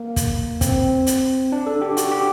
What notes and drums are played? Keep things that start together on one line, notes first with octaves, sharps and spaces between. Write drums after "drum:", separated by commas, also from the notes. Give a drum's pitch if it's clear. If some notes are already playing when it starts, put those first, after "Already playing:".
Already playing: A#3
drum: kick, hi-hat
C4, drum: kick, hi-hat
drum: hi-hat
D4
A4
G4
F#4, drum: hi-hat
G4